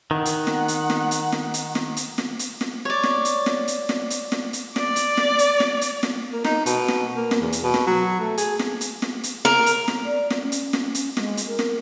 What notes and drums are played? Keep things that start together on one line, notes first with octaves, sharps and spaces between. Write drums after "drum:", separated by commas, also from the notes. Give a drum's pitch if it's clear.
D#3 F#5
drum: hi-hat
drum: snare
drum: hi-hat
drum: snare
drum: hi-hat
drum: snare
drum: hi-hat
drum: snare
drum: hi-hat
drum: snare
drum: hi-hat
drum: snare
C#5 D5
drum: snare
drum: hi-hat
drum: snare
drum: hi-hat
drum: snare
drum: hi-hat
drum: snare
drum: hi-hat
D5, drum: snare
drum: hi-hat
drum: snare
drum: hi-hat
drum: snare
drum: hi-hat
drum: snare
A#3
D#4, drum: snare
B2, drum: hi-hat
drum: snare
A#3
drum: snare
E2
drum: hi-hat
B2
drum: snare
F#3
A3
G#4, drum: hi-hat
drum: snare
drum: hi-hat
drum: snare
drum: hi-hat
A#4, drum: snare
drum: hi-hat
drum: snare
D5
drum: snare
C#4
drum: hi-hat
drum: snare
drum: hi-hat
G#3, drum: snare
drum: hi-hat
A#4
drum: snare